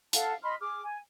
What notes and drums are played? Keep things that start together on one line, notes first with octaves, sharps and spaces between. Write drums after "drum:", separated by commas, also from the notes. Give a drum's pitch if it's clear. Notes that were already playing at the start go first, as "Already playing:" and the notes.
A4 F5 F#5 A5, drum: hi-hat
D#5 B5 C6 F6
G#4 D6 F6
G#5